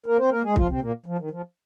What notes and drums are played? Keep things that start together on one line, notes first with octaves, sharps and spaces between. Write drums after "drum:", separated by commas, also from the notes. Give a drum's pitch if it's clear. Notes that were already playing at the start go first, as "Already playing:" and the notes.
A#3 A#4
C4 C5
A#3 A#4
G#3 G#4
F3 F4, drum: kick C2
C3 C4
A#2 A#3
F3
D#3
F3